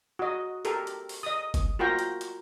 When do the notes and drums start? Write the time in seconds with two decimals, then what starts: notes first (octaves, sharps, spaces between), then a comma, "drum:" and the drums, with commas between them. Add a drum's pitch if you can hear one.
0.19 F#4 D#5
0.65 G4 A4 A#4, drum: hi-hat
0.87 drum: hi-hat
1.09 drum: open hi-hat
1.23 D#5 D#6
1.54 drum: kick F#1, hi-hat
1.79 F4 F#4 A#4 G5 A#5
1.99 drum: hi-hat
2.21 drum: hi-hat